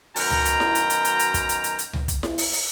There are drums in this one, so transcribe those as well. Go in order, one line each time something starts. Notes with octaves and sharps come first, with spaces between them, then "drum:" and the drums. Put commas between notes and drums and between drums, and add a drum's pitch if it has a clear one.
F#2 B2 D#3 G5 A#5, drum: open hi-hat
drum: tom C#2
drum: hi-hat
drum: snare E4
drum: hi-hat
drum: hi-hat
drum: hi-hat
drum: hi-hat
drum: kick, hi-hat
drum: hi-hat
drum: hi-hat
drum: hi-hat
drum: tom C#2
drum: kick, hi-hat
drum: snare E4
drum: open hi-hat
drum: open hi-hat